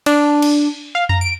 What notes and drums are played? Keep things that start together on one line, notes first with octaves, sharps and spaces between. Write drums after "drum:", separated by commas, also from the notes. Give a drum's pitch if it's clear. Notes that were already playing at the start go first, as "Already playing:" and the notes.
D4, drum: cymbal
drum: cymbal
F5
A#5, drum: tom F2
D7